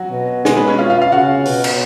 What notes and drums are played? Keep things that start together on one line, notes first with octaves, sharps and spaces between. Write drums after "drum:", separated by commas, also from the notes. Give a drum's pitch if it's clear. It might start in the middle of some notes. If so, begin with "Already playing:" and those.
Already playing: F#3 F#4
B2
B2 G#3 G#4, drum: snare
B3 B4
C#4 C#5
F4 F5
F4 F5
F4 F5
C#3 F#4 F#5
B2, drum: open hi-hat
drum: cymbal